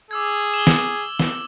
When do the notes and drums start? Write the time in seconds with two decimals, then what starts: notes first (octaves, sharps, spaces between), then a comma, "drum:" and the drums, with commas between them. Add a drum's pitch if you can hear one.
0.11 G#4 D6 E6 G#6
0.54 E7 F#7 G7
0.67 drum: snare
1.20 drum: snare